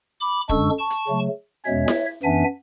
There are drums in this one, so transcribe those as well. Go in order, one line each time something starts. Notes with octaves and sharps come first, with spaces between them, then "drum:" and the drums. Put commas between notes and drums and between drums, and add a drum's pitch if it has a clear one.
B5 D6
F#2 D3 G#3 D4 C#6 E6, drum: kick
A5 C#6
drum: hi-hat
C#3 F#3 A3
E2 B2 G#3 C#4 C#5 E5
drum: snare E4
F#2 E3 B3 D4 E5 G#5